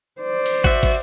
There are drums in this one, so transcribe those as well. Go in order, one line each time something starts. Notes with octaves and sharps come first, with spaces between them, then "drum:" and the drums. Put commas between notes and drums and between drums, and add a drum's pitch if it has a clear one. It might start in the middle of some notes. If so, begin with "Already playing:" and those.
C5 D5
drum: cymbal
F#4 E5, drum: kick
drum: kick, cymbal